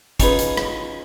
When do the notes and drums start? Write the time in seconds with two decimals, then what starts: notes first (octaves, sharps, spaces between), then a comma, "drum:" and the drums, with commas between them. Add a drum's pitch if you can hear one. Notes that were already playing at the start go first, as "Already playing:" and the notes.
0.20 C#4 D#4 F4 G#4 B4, drum: kick, hi-hat
0.39 drum: hi-hat
0.57 drum: rim click